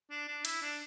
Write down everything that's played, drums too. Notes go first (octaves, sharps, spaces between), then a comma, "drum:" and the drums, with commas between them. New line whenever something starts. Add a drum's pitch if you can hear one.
D4
D4
E4, drum: cymbal
D4